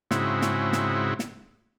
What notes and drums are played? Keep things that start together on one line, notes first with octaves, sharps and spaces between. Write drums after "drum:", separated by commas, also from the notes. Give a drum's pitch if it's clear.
G#2 C#3 C4 E4 F#4, drum: snare
drum: snare
drum: snare
drum: snare